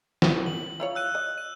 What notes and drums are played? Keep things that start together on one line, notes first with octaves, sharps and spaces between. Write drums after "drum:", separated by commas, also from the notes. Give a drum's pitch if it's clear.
drum: snare
F#7
E4 F4 C#5
E6 F#6 D#7
D#5
D#7